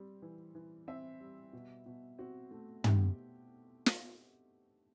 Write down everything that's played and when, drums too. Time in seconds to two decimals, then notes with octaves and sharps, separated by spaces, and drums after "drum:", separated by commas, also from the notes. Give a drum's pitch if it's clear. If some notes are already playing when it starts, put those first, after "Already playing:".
Already playing: G3 C4
0.22 E3
0.55 E3
0.88 C4 E5
1.20 G3
1.53 B2
1.86 B2
2.19 C4 F#4
2.51 A3
2.84 B2 G4, drum: tom
3.86 drum: snare